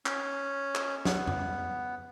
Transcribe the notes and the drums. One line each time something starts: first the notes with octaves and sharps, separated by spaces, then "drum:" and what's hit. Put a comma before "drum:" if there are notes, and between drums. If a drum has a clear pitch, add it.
C#4, drum: clap
drum: clap
B3, drum: snare
drum: tom F2